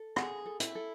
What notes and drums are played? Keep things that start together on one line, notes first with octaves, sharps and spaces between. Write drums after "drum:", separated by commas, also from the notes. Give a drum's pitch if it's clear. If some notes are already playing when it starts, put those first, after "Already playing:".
Already playing: A4
G#4 F#5, drum: rim click
A4
E4, drum: hi-hat
A4